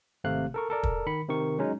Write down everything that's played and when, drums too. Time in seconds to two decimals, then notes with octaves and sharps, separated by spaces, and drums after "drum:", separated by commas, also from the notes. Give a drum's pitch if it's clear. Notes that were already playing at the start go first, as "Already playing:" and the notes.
0.24 G#1 C3 A3 F5 F#6
0.54 A4 A#4 C#6
0.70 A4 A#4 D5
0.83 drum: kick
1.06 D#3 B5 C#7
1.28 C3 D#3 A#4 C#6
1.59 F#3 G#3 C#4 D#4